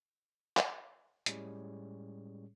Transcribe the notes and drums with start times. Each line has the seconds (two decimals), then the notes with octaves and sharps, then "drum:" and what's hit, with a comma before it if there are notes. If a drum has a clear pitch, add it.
0.57 drum: clap
1.26 A2 G3 G#3 C#4 G#4 C#5, drum: hi-hat